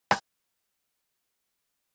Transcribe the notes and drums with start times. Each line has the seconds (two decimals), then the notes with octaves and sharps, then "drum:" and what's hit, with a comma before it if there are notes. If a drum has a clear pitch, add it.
0.11 drum: rim click
1.14 D#3 C4 G4 G#4